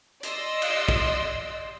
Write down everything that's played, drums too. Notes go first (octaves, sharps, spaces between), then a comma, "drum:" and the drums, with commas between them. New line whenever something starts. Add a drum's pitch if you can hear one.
D5 D#5 C6 E6, drum: hi-hat
drum: cymbal
drum: kick